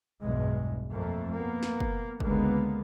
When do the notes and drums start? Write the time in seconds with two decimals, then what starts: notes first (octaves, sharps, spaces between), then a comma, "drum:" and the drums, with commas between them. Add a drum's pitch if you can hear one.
0.22 B1 E2 G2 G#3
0.91 F2 A3 A#3
1.32 A#3 B3
1.63 drum: snare
1.80 drum: kick
2.20 C#2 D3 G#3 A#3 B3, drum: kick